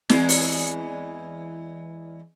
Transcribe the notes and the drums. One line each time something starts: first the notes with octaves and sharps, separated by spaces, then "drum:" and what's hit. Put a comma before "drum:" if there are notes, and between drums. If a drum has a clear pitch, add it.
E2 E3 G#3 C4, drum: snare
drum: open hi-hat